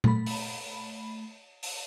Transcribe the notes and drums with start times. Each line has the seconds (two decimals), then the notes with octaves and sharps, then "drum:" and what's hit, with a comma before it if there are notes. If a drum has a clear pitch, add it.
0.04 A3 B5, drum: tom A#2
0.26 drum: open hi-hat
1.63 drum: open hi-hat